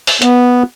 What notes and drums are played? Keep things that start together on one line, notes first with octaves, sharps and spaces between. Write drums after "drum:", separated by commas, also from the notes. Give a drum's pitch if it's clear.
drum: open hi-hat
B3, drum: hi-hat